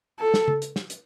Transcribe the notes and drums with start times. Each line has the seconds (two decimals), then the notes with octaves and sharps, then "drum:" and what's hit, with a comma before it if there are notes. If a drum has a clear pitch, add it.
0.20 A4
0.34 drum: snare
0.48 drum: tom
0.62 drum: hi-hat
0.76 drum: snare
0.90 drum: hi-hat